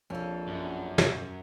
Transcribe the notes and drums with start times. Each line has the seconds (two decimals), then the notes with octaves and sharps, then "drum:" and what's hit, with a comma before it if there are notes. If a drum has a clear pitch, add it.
0.10 A#1 F2 C#4 A4 F5
0.47 F#2
0.98 drum: snare